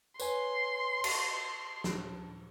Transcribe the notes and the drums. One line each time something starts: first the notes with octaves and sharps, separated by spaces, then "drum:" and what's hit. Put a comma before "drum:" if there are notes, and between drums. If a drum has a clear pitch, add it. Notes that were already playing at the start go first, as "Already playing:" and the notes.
B4 C#5 G#5 C6, drum: tambourine
A5, drum: cymbal
drum: snare